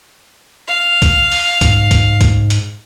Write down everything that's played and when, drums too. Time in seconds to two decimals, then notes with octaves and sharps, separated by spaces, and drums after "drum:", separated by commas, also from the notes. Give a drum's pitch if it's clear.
0.68 F5
1.02 drum: kick, hi-hat
1.32 drum: open hi-hat
1.61 G#2, drum: kick, hi-hat
1.91 drum: kick, hi-hat
2.21 drum: kick, hi-hat
2.50 drum: hi-hat